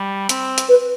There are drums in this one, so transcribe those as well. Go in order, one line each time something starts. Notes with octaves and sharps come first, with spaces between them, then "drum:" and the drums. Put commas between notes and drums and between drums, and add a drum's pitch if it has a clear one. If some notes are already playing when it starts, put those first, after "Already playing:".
Already playing: G3
C4, drum: hi-hat
drum: hi-hat
B4